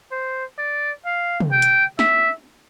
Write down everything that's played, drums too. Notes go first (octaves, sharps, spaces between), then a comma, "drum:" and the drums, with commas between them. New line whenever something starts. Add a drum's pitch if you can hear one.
C5
D5
F5
drum: tom
G5
drum: hi-hat
E5, drum: snare